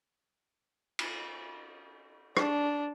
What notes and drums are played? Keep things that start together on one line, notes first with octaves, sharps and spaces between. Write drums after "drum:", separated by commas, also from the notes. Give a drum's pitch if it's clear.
drum: cymbal
D4, drum: rim click